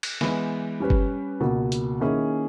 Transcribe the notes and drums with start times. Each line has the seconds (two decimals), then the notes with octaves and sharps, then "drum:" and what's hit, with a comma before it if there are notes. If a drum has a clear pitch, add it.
0.03 drum: cymbal
0.21 E3 G#3 B3, drum: snare
0.80 G3 C#4 G4 B4
0.90 drum: kick G1
1.40 C#2 B2 A#3
1.72 drum: hi-hat
2.00 D#3 A#3 C#4 E4 G#4